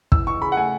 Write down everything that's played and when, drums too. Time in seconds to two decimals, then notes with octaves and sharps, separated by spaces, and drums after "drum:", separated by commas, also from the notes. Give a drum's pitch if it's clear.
0.12 E3 E6, drum: kick
0.27 E3 C#6
0.41 C#3 B5
0.52 F#5
0.57 A3 G#5